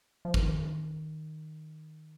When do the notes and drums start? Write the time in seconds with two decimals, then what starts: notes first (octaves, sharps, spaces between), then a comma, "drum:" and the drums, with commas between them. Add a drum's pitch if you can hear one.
0.25 F3
0.34 E3, drum: kick G#1
0.42 D#3